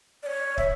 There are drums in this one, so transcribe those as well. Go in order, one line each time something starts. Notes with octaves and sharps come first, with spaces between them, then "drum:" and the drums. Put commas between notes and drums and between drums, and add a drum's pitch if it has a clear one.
D5
C#5
E5, drum: kick